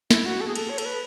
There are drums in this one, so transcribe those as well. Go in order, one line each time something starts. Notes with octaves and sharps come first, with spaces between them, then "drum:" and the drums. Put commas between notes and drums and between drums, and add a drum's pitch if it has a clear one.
E4, drum: snare
F#4
A4
G#4
A4, drum: cymbal
C#5
A4, drum: cymbal
B4